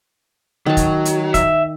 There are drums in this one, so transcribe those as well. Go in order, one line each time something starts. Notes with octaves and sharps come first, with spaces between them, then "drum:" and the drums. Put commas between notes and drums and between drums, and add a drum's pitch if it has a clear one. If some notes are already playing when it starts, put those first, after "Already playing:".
D#3 F#3 A5
drum: kick, hi-hat
drum: hi-hat
E5, drum: kick, hi-hat